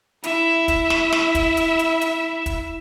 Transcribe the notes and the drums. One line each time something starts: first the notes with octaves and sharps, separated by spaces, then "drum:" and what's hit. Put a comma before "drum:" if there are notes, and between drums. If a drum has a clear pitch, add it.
E4 E5, drum: hi-hat
drum: kick, hi-hat
drum: snare
drum: snare
drum: kick, hi-hat
drum: hi-hat
drum: hi-hat
drum: hi-hat
drum: kick, hi-hat